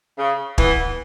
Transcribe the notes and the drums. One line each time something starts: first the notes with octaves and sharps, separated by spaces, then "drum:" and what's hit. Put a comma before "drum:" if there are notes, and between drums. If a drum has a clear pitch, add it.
C#3
E3 B3, drum: kick